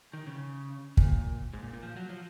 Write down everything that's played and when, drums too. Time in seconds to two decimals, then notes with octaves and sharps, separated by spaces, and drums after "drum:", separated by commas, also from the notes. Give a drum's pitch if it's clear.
0.13 D#3
0.27 C#3
0.97 A#2, drum: kick
1.53 G#2
1.63 A#2
1.73 A#2
1.83 F3
1.97 F#3
2.10 F3